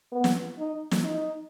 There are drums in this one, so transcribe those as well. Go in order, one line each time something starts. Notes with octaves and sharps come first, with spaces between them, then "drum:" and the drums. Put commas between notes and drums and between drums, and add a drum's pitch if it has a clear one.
B3
drum: snare
D#4
drum: snare
D#4